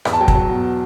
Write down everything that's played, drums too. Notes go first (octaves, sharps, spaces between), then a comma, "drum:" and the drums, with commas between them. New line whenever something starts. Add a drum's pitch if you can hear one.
E2 B5, drum: rim click
A5
F#3 G5
A5, drum: kick
F#3
B2